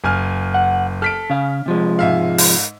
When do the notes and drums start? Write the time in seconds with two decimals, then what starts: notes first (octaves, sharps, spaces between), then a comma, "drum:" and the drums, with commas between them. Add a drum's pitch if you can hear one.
0.04 F#1 G#5 F6
0.54 F#5
1.02 A4 F6 B6 D7
1.30 C#3 F5
1.66 C3 F3 G#3
1.99 G#2 E5 F5
2.38 drum: open hi-hat